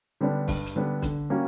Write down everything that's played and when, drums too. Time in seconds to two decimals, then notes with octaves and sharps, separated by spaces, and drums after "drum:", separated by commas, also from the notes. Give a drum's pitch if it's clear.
0.21 D3 G3 B3 D4
0.48 G2, drum: kick, open hi-hat
0.66 drum: hi-hat
0.76 D3 G3 B3 D4
1.02 D3, drum: kick, hi-hat
1.30 G3 A#3 C#4 F#4